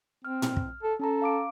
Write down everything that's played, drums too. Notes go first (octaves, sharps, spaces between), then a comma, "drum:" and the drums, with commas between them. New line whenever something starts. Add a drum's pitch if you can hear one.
C4 F6
drum: tom A2
drum: kick
A4
C#4 A4 A5 A#5
F5 D6 D7